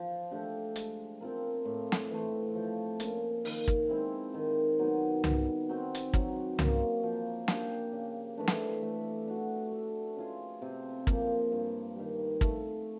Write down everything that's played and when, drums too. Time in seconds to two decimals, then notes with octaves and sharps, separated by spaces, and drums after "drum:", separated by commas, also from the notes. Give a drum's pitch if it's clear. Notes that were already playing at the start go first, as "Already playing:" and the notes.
Already playing: F3
0.31 A3 D4 G4
0.76 G#3, drum: hi-hat
1.21 C4 F4 A#4
1.65 A2
1.92 drum: snare
2.10 E3 A3
2.55 F3
3.00 A#3 C#4, drum: hi-hat
3.45 D#3, drum: open hi-hat
3.68 drum: kick
3.89 G#3 C4 E4
4.34 D#3
4.79 F#3 B3 D#4
5.24 G3, drum: tom C2
5.69 C4 D#4 F#4
5.95 drum: hi-hat
6.13 F#3, drum: kick
6.59 A#3 C#4, drum: tom C2
7.03 F3
7.48 A#3 D4 G4, drum: snare
7.93 C#3
8.38 E3 A3 D4
8.48 drum: snare
8.83 A3
9.27 D4 F#4
9.72 A3
10.17 C#4 F4 G#4
10.62 C3
11.07 F3 A#3, drum: kick
11.52 G2
11.96 D#3 G3
12.41 A3, drum: kick